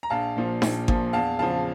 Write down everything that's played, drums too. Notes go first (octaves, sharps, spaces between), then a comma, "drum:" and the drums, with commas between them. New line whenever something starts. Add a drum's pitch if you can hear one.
A#5
A#1 F5 A5
A#2 F3
A#1, drum: snare D#4
A#2 F3, drum: kick G#1
E2 F5 A5
C#3 F3 F5 A5